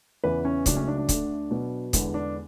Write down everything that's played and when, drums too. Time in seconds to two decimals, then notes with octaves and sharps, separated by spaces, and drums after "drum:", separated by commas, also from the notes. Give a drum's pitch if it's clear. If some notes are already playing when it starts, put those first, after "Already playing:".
0.23 E2 C#3 E3 B3 B4
0.45 C#4
0.66 C#2 C#3 F#3 A3 D4, drum: kick, hi-hat
0.76 C#4
0.88 D4
0.98 D4
1.09 D2 D3 A3, drum: kick, hi-hat
1.51 B2 F#3 B3
1.93 E2 D3 G#3 B3, drum: kick, hi-hat
2.14 D4